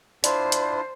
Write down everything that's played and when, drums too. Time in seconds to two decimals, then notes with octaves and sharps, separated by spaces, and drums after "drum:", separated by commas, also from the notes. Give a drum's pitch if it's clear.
0.24 D4 E4 F4 C5 D5, drum: hi-hat
0.52 drum: hi-hat